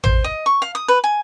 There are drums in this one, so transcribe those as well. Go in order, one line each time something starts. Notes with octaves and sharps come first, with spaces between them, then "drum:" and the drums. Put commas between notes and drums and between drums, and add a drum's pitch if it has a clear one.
C5, drum: tom A1
D#5
C#6
F5
D#6
B4
G#5